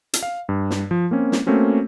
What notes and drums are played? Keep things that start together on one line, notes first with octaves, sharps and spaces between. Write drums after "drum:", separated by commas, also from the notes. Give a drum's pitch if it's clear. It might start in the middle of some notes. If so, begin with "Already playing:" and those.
drum: hi-hat
F5
G2
drum: snare
F3
A#3 C4 C#4
drum: snare
A3 A#3 C4 C#4 F#4